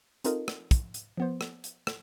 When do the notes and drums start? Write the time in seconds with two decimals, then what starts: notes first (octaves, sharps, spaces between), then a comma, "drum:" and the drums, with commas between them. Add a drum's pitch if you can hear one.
0.24 C4 D#4 F4 A4 A#4 D#5, drum: hi-hat
0.48 drum: rim click
0.71 drum: kick, hi-hat
0.94 drum: hi-hat
1.17 F3 B3 C5
1.41 drum: rim click
1.64 drum: hi-hat
1.87 drum: rim click